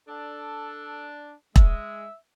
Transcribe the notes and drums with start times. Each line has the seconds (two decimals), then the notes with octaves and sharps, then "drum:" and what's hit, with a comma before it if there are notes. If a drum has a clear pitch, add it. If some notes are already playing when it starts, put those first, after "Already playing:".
0.08 D4 A4
1.56 G#3 E5, drum: kick E1